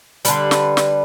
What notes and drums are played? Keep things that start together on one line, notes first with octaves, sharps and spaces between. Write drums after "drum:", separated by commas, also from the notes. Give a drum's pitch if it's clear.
D3 G3 B4, drum: hi-hat
drum: snare
drum: snare